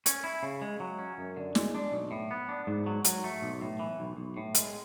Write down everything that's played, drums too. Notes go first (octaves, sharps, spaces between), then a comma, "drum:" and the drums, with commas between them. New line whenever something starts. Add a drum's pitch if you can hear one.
C#4, drum: hi-hat
E4
C#3
G#3
F#3
C#4
F#2
D3
G#3, drum: snare
D4
B1
A2
B3
D4
G#2
F#3
F#3, drum: hi-hat
A3
B1
A2
E3
B1
B1
A2
G#3, drum: hi-hat